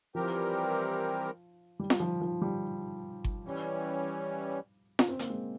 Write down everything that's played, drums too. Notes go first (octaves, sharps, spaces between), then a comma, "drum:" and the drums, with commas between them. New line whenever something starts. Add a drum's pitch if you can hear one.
E3 F3 G3 C4 G4 A#4
G3
drum: snare
F3
F3
G3
drum: kick G1
E3 G3 C#4
C#4, drum: snare
C4
A#3, drum: hi-hat
G#3